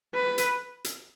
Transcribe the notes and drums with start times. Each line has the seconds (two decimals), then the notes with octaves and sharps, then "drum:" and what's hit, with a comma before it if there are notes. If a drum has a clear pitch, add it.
0.15 B4
0.38 drum: hi-hat
0.84 drum: hi-hat